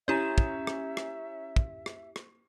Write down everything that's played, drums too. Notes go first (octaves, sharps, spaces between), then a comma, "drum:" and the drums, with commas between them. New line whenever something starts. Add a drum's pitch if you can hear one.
C#4 E4 G4 E5 A#5 G6 E7
drum: kick
drum: rim click
drum: rim click
drum: kick
drum: rim click
drum: rim click